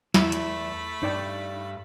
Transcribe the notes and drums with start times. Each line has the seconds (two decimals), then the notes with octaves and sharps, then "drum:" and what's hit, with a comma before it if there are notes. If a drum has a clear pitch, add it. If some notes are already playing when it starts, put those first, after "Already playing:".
0.14 E2 A3 E4 B5, drum: snare
0.32 drum: hi-hat
1.03 G2 D#4 D5 G5